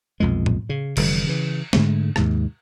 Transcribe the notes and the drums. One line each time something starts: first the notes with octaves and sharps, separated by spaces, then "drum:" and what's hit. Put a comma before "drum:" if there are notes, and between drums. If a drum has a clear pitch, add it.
B1 F2 A#2 G#3
drum: tom A2
C#3
F1 D3 E3 G3, drum: cymbal
C#3 E3
G#2 D3 G#3 A3, drum: snare
D#2 G#2 C3, drum: rim click